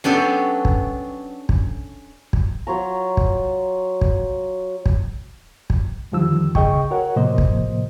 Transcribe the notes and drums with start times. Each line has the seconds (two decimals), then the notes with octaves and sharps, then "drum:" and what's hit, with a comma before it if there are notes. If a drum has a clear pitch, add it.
0.04 F#3 B3 C#4 D4 G4 A4
0.65 drum: kick
1.49 drum: kick
2.33 drum: kick
2.67 F#3 F4 C#5 A#5
3.17 drum: kick
4.01 drum: kick
4.86 drum: kick
5.70 drum: kick
6.12 F2 D3 D#3 F3 G3 E6
6.55 D2 C#3 G#4 D#5 G5 C#6, drum: kick
6.91 F#4 A#4 C#5 F#5
7.16 A2 C3 F3 A#3 C5 D#5
7.38 drum: kick